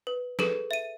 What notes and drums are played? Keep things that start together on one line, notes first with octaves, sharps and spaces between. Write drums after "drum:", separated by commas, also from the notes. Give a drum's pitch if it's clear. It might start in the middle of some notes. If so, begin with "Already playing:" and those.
B4
G#4 A4 B4 D7, drum: snare
E5 D#7